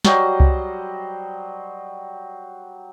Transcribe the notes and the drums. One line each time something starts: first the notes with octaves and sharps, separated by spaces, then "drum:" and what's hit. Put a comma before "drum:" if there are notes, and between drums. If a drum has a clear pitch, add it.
F#3 G3 C5 D#5, drum: snare
drum: kick C2